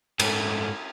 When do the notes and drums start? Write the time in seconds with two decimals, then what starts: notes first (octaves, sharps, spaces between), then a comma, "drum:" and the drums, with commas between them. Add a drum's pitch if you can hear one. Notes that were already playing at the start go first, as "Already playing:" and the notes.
0.20 G#2 A3, drum: cymbal